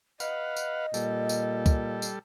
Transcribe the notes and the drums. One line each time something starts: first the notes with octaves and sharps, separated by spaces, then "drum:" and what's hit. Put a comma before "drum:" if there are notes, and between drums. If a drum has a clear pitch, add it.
B4 D#5 F5 F#5, drum: tambourine
drum: tambourine
A#2 G3 A4, drum: tambourine
drum: tambourine
drum: kick C2, tambourine
drum: tambourine